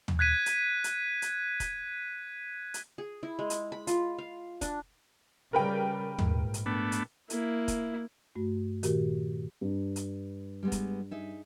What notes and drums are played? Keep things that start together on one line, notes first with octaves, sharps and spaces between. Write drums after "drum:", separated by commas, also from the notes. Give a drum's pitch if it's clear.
drum: tom
F#6 G#6 B6 D#7
drum: hi-hat
drum: hi-hat
drum: hi-hat
drum: kick, hi-hat
drum: hi-hat
G#4
E4
G#3
drum: hi-hat
B5
F4, drum: hi-hat
F5
D4, drum: kick, hi-hat
C#3 G3 A#4 B4 G5
A#1 G#2, drum: tom
drum: hi-hat
A3 B3 D4
drum: hi-hat
A#3 E4, drum: hi-hat
drum: kick, hi-hat
G2 A3 F#4
A#2 D#3 F#4 G4 A#4, drum: hi-hat
G2
drum: hi-hat
G3 G#3 B3
drum: kick, hi-hat
D#4 G#4 E5